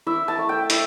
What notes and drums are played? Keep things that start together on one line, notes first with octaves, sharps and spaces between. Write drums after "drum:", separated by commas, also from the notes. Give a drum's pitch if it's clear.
E4 E5
A5
A3
G5
E4 E5, drum: hi-hat